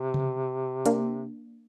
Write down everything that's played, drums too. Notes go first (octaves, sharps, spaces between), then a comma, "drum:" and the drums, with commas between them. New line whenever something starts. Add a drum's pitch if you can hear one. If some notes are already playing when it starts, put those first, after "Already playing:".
Already playing: C3
drum: tom C3
A#3 D4, drum: hi-hat